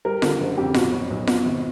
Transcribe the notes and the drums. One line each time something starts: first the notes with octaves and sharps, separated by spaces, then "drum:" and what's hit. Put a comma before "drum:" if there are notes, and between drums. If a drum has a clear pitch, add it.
G3 A#4
D3 A4, drum: snare F4
F#1
F2 G4
B1 F#4, drum: snare F4
F#3
B1
B2, drum: snare F4
G#1